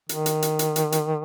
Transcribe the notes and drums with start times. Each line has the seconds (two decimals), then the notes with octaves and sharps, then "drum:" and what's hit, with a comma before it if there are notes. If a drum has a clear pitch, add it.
0.09 D#3, drum: hi-hat
0.26 drum: hi-hat
0.42 drum: hi-hat
0.59 drum: hi-hat
0.76 drum: hi-hat
0.92 drum: hi-hat